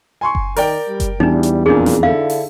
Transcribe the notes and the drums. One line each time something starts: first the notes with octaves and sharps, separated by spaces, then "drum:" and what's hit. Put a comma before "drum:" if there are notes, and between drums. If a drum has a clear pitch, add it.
G#5 C6 C#6
drum: kick F#1
D#3 A#4 D5 G5, drum: open hi-hat
G3
drum: kick F#1, hi-hat
E2 G3 D4 D#4
drum: hi-hat
F2 A#2 D4 D#4 G#4
drum: snare
D3 E4 A4 F5
drum: open hi-hat